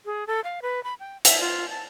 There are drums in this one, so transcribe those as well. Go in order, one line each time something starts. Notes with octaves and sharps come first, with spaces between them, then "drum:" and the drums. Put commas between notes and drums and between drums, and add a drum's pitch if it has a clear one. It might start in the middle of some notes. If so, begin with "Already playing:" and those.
G#4
A4
F5
B4
B5
G5
E5, drum: hi-hat
F4
A5